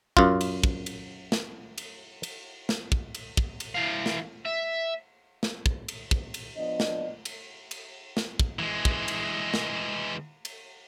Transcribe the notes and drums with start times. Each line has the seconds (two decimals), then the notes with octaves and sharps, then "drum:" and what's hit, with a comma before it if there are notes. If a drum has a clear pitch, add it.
0.17 F#2 F4, drum: kick
0.41 drum: cymbal
0.64 drum: kick
0.86 drum: cymbal
1.32 drum: snare
1.78 drum: cymbal
2.23 drum: cymbal
2.69 drum: snare
2.92 drum: kick
3.15 drum: cymbal
3.37 drum: kick
3.60 drum: cymbal
3.75 E3 F5
4.06 drum: snare
4.45 E5
5.43 drum: snare
5.66 drum: kick
5.88 drum: cymbal
6.11 drum: kick
6.34 drum: cymbal
6.57 F3 B3 D4 D5 D#5
6.80 drum: snare
7.25 drum: cymbal
7.71 drum: cymbal
8.17 drum: snare
8.40 drum: kick
8.59 E3 G#3
8.85 drum: kick
9.08 drum: cymbal
9.54 drum: snare
10.45 drum: cymbal